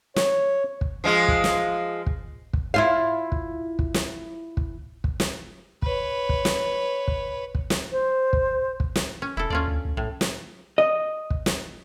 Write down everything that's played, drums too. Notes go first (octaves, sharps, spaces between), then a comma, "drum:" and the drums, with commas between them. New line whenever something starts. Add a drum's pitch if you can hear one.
C#5, drum: snare
drum: kick
F3 G#3 F4
drum: kick
drum: snare
drum: kick
drum: kick
E4 F4 F5
drum: kick
drum: kick
drum: snare
drum: kick
drum: kick
drum: snare
B4 C#5, drum: kick
drum: kick
drum: snare
drum: kick
drum: kick
drum: snare
C5
drum: kick
drum: kick
drum: snare
C#4
E1 E4 A4
D#2 C#4 F4 D5
D2
D2
B1 A2
drum: snare
D#5
drum: kick
drum: snare